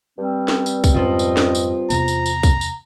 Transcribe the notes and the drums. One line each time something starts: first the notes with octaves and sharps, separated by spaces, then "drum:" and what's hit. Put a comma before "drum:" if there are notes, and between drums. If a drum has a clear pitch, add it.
G2 G3 C4
drum: snare
drum: tambourine
drum: kick, tambourine
F2 G#2 C#3 F4 C5 D#5
drum: tambourine
drum: snare
drum: tambourine
E2 C3 B3 A#5, drum: tambourine
drum: tambourine
drum: tambourine
drum: kick, tambourine
drum: tambourine